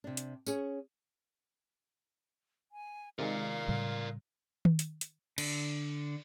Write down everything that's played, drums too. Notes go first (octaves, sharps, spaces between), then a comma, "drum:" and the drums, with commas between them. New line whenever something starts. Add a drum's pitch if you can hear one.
C3 D4
drum: hi-hat
C#4 G#4 C#5, drum: tambourine
G#5
C3 D#3 G#3 A#4 D5 F5
A2 C#3 G3
drum: tom D#3
drum: hi-hat
drum: hi-hat
D3, drum: cymbal